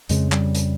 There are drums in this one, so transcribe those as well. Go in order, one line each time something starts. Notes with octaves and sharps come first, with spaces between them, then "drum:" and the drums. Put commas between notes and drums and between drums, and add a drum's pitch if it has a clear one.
F2 C#3 G#3, drum: hi-hat
G3, drum: clap
drum: hi-hat